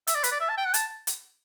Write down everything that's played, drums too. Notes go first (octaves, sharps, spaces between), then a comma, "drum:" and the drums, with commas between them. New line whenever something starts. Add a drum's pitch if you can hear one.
E5, drum: hi-hat
D5
B4, drum: hi-hat
D5
E5
A5
G5
F#5
A5, drum: hi-hat
drum: hi-hat